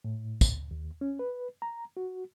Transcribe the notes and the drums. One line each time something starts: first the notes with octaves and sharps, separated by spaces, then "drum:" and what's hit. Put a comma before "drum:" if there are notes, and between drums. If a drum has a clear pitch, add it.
A2
drum: kick, tambourine
D#2
C#4
B4
A#5
F#4